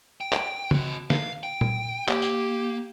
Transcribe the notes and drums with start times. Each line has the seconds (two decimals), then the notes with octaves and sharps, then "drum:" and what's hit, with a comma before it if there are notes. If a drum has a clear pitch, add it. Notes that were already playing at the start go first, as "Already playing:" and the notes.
0.21 G5
0.32 drum: clap
0.71 C4 F#4, drum: tom C#3
1.10 F5, drum: snare
1.43 G5
1.61 drum: tom A#2
2.08 A#3 G4, drum: clap
2.22 drum: tambourine